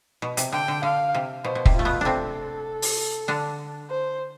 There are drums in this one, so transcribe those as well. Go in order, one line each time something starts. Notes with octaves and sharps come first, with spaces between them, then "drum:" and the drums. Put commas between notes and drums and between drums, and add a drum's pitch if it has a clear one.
B2
C3, drum: hi-hat
D3 G5
D3
D3 F5
C3
B2 C5
B2
C3, drum: kick
A3 F4
B2 B3
C3 C4 D4 A4
drum: open hi-hat
D3 D4
C5